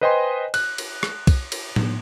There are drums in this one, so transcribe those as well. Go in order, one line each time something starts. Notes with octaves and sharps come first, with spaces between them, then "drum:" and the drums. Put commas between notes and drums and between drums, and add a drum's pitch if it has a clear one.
B4 C5 D#5 G5 G#5 C6
F#6, drum: cymbal
drum: cymbal
drum: rim click
drum: kick, cymbal
drum: cymbal
drum: tom A2